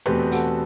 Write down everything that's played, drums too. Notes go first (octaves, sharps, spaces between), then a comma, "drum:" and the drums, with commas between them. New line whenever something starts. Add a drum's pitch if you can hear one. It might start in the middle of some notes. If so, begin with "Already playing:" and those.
E2 B2 A3 C4 G4 B4, drum: rim click
F#4 A4, drum: open hi-hat